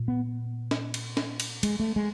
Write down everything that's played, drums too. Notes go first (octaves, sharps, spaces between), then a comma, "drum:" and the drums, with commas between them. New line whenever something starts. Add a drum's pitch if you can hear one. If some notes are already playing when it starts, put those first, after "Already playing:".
Already playing: A#2
B3
drum: snare
drum: cymbal
drum: snare
drum: cymbal
G#3, drum: cymbal
A3
G#3